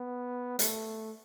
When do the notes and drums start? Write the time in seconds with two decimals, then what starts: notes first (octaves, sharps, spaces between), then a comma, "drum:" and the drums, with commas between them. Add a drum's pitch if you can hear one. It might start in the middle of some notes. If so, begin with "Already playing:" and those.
Already playing: B3
0.59 A3, drum: hi-hat